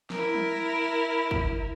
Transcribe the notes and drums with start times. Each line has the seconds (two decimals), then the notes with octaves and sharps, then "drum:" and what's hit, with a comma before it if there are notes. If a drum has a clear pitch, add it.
0.10 E4 A#4, drum: snare
0.34 drum: tom
1.31 drum: kick